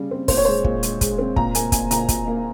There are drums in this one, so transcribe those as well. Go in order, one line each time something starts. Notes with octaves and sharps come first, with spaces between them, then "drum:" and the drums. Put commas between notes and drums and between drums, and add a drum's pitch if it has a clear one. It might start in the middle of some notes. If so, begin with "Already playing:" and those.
Already playing: C#3 G3
C4
A#2 C5, drum: kick, open hi-hat
C#5
G#3 C5
A#2, drum: kick
G#3, drum: hi-hat
G#3, drum: kick, hi-hat
C4
A#2 A#5, drum: kick
A#3 G#5, drum: hi-hat
A#2 G#5, drum: kick, hi-hat
A#2 A#5, drum: hi-hat
A#2, drum: kick, hi-hat
A#3